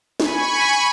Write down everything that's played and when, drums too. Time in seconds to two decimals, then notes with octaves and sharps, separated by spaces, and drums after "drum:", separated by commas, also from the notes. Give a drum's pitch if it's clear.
0.20 G#5 B5 C#6, drum: snare